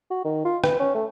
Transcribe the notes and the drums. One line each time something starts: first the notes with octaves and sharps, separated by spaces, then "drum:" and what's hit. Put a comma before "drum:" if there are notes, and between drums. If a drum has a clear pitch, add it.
F#4
D#3
F4
B4, drum: rim click
C#4
A3